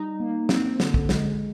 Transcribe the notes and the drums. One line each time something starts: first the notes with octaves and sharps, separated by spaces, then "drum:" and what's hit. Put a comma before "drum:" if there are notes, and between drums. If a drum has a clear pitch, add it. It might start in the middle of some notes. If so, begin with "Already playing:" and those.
Already playing: G3 D#4
A#3
C4, drum: snare
D3, drum: snare
drum: kick
G#3, drum: snare